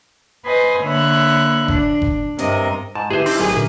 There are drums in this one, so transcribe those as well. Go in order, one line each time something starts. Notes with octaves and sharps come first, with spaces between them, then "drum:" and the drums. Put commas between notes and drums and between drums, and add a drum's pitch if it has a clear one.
B4 C5 D#5 G#5
D3 A#3 C#5 E5 B5 F#6
D4, drum: kick F#1
drum: kick F#1
G2 C3 A#4 D#5, drum: hi-hat
G#2 A5
D2 E4 G4 G#4 B4 C5 E5
C4 D#4 E4 A5 C6, drum: open hi-hat
G#1 A2 F#3 G#4
A#2 D3 A#4 B4